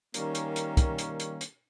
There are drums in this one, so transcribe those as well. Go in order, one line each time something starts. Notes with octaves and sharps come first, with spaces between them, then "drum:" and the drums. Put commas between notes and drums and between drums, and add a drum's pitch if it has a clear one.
D#3 G3 A#3 C#4, drum: hi-hat
drum: hi-hat
drum: hi-hat
drum: kick, hi-hat
drum: hi-hat
drum: hi-hat
drum: hi-hat